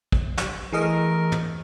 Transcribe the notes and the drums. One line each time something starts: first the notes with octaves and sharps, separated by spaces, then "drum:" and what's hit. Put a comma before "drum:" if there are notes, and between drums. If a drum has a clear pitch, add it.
drum: kick
drum: snare
E3 A3 G#4 A#4 D#5
drum: tom